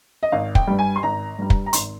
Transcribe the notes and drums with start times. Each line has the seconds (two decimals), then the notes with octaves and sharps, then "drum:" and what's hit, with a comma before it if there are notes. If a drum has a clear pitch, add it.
0.23 D#5
0.32 G#1 F5
0.55 G5, drum: kick
0.67 G2 G3
0.79 G#5
0.96 C6
1.03 G#1 A#5
1.38 G2 G3
1.50 drum: kick
1.66 A#5
1.73 G#1 C6, drum: hi-hat